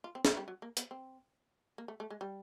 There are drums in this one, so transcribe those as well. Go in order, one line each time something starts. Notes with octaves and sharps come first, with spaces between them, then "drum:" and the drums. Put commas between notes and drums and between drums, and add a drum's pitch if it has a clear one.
F4
C4
drum: snare
G3
F#3
A#3
B3, drum: hi-hat
C4
A#3
A3
A3
G#3
G3